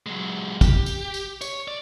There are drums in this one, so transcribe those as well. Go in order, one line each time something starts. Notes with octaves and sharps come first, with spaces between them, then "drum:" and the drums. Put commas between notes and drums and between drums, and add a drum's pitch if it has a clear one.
F#3 G#3
G4, drum: kick, tambourine
drum: tambourine
drum: tambourine
C#5, drum: tambourine
D5